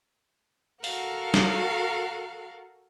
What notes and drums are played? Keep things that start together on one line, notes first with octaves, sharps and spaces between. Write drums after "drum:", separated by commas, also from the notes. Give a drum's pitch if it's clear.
F#4 A4 A#4 F5 F#5, drum: open hi-hat
drum: snare